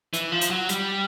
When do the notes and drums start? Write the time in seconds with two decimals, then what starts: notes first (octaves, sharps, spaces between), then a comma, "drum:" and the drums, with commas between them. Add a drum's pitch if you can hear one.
0.14 E3, drum: hi-hat
0.32 F3
0.41 drum: hi-hat
0.50 F#3
0.69 G3, drum: hi-hat